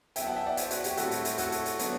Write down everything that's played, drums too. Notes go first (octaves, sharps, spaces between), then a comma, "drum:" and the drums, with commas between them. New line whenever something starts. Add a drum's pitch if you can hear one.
F#3 B3 E4 E5 G5, drum: hi-hat
F#5 A5
E5 G5
D5 F#5
C5 E5, drum: hi-hat
F#4, drum: hi-hat
G4, drum: hi-hat
A2 G3 C4 E4 F#4 A4, drum: hi-hat
drum: hi-hat
drum: hi-hat
F#4 A4, drum: hi-hat
drum: hi-hat
drum: hi-hat
F#3 B3 D4, drum: hi-hat